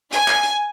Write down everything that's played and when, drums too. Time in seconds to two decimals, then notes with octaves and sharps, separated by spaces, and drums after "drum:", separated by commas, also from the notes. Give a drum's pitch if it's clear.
0.13 G#5, drum: hi-hat
0.28 drum: clap
0.43 drum: hi-hat